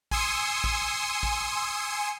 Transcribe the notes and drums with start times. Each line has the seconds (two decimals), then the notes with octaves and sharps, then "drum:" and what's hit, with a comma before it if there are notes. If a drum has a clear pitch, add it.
0.11 G#5 C6 D#6 E6 C#7, drum: kick
0.64 drum: kick
1.23 drum: kick